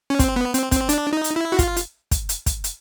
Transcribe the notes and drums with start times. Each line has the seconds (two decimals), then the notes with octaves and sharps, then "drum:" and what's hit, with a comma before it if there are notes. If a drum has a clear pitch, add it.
0.10 C#4
0.19 C4, drum: kick, hi-hat
0.36 B3
0.54 C4, drum: hi-hat
0.72 C4, drum: kick, hi-hat
0.89 D4, drum: hi-hat
1.13 D#4
1.24 drum: hi-hat
1.36 E4
1.52 F#4
1.59 F4, drum: kick, hi-hat
1.77 drum: hi-hat
2.11 drum: kick, hi-hat
2.29 drum: hi-hat
2.46 drum: kick, hi-hat
2.64 drum: hi-hat